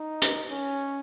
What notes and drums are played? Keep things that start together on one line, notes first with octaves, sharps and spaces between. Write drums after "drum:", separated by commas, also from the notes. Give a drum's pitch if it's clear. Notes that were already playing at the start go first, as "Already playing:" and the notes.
Already playing: D#4
drum: hi-hat
C#4